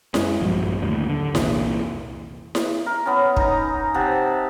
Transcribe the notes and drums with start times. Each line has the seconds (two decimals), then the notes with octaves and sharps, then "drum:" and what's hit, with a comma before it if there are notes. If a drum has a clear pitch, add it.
0.14 F#2 G#3 C#4, drum: snare E4
0.41 A#1 G2 F3 F#3
0.82 D#2 A2 D3
1.09 D3
1.35 F1 C2 A#2 E3, drum: snare E4
2.55 drum: snare E4
2.86 A#4
3.06 B3 C#4
3.37 D#4 A#5, drum: kick
3.94 C3 F#5 A5